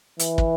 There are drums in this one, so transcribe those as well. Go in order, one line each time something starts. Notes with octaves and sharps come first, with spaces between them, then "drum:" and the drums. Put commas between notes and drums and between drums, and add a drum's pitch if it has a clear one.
E3, drum: hi-hat
drum: kick